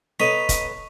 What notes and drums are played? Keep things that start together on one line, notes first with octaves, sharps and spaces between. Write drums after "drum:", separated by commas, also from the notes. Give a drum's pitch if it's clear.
B3 A4 C#5 D#5 A#5 C#6 B6
drum: kick, hi-hat